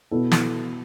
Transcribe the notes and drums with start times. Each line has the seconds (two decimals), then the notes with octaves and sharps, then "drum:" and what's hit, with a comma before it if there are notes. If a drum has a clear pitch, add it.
0.11 B2 B3 E4 A4
0.32 drum: snare